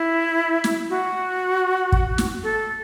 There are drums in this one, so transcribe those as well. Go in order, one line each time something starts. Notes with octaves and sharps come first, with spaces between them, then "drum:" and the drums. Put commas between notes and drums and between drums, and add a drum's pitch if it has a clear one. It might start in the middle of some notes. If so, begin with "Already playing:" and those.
Already playing: E4
drum: snare
F#4
drum: kick
drum: snare
A4